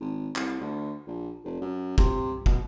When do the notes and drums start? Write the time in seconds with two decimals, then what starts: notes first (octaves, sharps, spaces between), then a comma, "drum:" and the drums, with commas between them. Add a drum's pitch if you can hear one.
0.01 G#1
0.36 C2, drum: clap
0.61 D2
1.07 A#1
1.44 F1
1.61 F#2
1.98 C3, drum: kick
2.46 B2, drum: kick